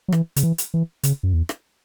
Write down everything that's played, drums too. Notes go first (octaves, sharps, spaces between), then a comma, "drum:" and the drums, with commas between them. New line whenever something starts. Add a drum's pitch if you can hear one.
F#3
E3, drum: rim click
C#3, drum: hi-hat
E3
drum: hi-hat
E3
C#3, drum: hi-hat
F#2
E2
drum: rim click